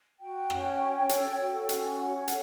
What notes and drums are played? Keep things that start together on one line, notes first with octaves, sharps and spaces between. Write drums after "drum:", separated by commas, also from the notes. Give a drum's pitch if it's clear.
F#4 G5
C#4, drum: rim click
C#5
A4, drum: hi-hat
F#4
C#4, drum: hi-hat
C#5 F#5
A4, drum: hi-hat